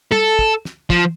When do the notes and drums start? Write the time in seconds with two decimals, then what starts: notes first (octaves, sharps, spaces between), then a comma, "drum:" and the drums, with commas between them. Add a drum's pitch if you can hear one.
0.12 A4, drum: tom
0.39 drum: kick
0.65 drum: snare
0.90 F3, drum: kick